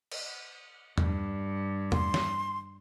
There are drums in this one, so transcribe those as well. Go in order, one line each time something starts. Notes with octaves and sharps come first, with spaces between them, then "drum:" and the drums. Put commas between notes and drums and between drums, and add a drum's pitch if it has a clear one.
drum: cymbal
G2, drum: tom E2
C6, drum: tom E2
drum: snare